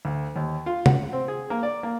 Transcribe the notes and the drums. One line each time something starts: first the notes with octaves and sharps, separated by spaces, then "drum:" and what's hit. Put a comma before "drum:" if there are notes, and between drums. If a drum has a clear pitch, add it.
D2
D#2
F4
F#5, drum: tom C3
C4
G#4
A#3
D5
A#3